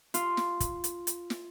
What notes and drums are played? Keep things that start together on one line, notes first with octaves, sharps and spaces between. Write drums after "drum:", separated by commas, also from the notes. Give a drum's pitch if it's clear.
F4, drum: hi-hat
drum: snare
drum: kick, hi-hat
drum: hi-hat
drum: hi-hat
drum: snare